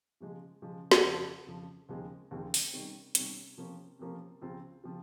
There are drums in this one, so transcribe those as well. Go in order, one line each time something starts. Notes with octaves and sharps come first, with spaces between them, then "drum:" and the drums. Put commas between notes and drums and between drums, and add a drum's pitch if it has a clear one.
C#3 F3 G#3
C#3 F3 G#3
drum: snare
F2 C#3 F3
F2 C#3 F3
D#2 C#3 F3 G#3 C4
D#2 C#3 F3 G#3 C4
drum: open hi-hat
C3 D#3 G3 C#4
C3 D#3 G3 C#4, drum: hi-hat
C3 F3 A#3 C#4
C3 F3 A#3 C#4
C#2 C#3 F3 C4 F4
C#3 F3 C4 F4